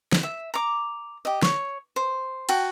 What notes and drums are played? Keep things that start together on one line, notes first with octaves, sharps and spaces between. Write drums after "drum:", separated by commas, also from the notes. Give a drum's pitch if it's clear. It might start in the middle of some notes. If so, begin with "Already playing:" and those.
drum: snare
E5
A#5 D6
G4 D#5
C#5, drum: snare
C5
F#4 G5 A5, drum: cymbal